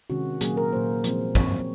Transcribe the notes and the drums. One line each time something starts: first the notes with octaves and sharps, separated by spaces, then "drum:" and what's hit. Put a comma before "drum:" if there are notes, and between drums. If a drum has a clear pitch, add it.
C3 D#3 G#3 C#4 F#4
A#2 F#3 A#3 C#4 G#4, drum: hi-hat
A#4
A#2 F#3 A#3 C5
F3 G#3 C4, drum: hi-hat
F3 C4 C#5, drum: kick